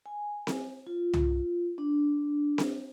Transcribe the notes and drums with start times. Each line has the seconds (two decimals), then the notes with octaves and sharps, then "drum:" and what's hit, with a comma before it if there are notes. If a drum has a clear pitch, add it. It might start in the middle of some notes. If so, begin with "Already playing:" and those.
0.06 G#5
0.47 drum: snare C4
0.87 F4
1.14 drum: tom
1.78 D4
2.58 drum: snare C4